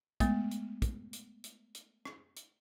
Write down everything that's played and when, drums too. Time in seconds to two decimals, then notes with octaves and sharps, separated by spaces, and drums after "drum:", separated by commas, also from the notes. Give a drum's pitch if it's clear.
0.20 G#3 A3 B3, drum: kick, hi-hat
0.51 drum: hi-hat
0.82 drum: kick, hi-hat
1.13 drum: hi-hat
1.44 drum: hi-hat
1.75 drum: hi-hat
2.05 drum: rim click
2.36 drum: hi-hat